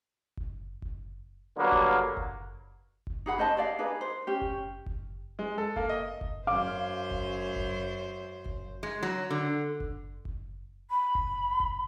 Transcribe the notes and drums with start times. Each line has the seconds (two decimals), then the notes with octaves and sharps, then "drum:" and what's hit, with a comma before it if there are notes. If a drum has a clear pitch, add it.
0.37 drum: kick F#1
0.82 drum: kick F#1
1.57 D3 F#3 G3 A#3 B3
1.72 drum: kick F#1
2.17 drum: kick F#1
3.07 drum: kick F#1
3.26 D#4 G#4 F#5 B5
3.38 C#4 C5 D#5 A5
3.57 G#4 D5 F5
3.79 D4 D#4 G#4 B4
4.01 C5
4.27 C#4 G4
4.42 drum: kick F#1
4.86 drum: kick F#1
5.39 G#3
5.58 A4
5.76 A#3, drum: kick F#1
5.89 D#5
6.21 drum: kick F#1
6.47 F#2 C5 F5 D6
7.11 drum: kick F#1
7.56 drum: kick F#1
8.46 drum: kick F#1
8.83 G#3
9.03 F#3
9.30 D3
9.80 drum: kick F#1
10.25 drum: kick F#1
10.90 B5
11.15 drum: kick F#1
11.60 drum: kick F#1